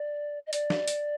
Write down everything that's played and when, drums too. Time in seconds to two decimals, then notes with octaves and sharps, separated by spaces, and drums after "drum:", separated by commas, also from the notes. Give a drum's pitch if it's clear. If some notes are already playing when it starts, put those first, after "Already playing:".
Already playing: D5
0.47 D#5
0.53 D5, drum: hi-hat
0.70 drum: snare
0.88 drum: hi-hat